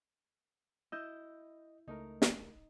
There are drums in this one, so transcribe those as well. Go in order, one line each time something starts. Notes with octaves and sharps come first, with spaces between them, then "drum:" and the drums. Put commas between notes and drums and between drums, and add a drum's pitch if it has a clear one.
E4 D#5 E6 G6
C#2 A3 D#4 A#4
drum: snare